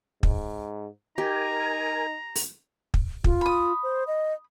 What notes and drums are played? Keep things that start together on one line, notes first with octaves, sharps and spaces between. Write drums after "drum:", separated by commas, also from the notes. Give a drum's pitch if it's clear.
G#2, drum: kick
D#4 G4 A#4 G#5 A#5
drum: open hi-hat
drum: kick
F4, drum: kick
B5 D#6
C5
D#5